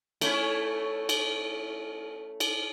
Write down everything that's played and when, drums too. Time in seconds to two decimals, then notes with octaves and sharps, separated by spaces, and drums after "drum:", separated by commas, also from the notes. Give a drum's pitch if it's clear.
0.21 A3 C#4 E4, drum: cymbal
1.09 drum: cymbal
2.40 drum: cymbal